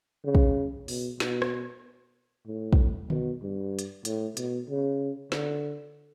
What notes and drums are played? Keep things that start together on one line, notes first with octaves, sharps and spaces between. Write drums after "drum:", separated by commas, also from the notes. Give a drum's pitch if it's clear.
C#3
drum: kick
B2, drum: open hi-hat
B2, drum: snare
drum: rim click
A2
drum: kick
B2, drum: tom D3
G2
drum: hi-hat
A2, drum: hi-hat
B2, drum: hi-hat
C#3
D3, drum: snare